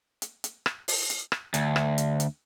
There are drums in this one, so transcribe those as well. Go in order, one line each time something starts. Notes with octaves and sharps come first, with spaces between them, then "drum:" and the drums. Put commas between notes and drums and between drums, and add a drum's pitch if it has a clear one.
drum: hi-hat
drum: hi-hat
drum: rim click
drum: open hi-hat
drum: hi-hat
drum: rim click
D2, drum: hi-hat
drum: rim click
drum: hi-hat
drum: hi-hat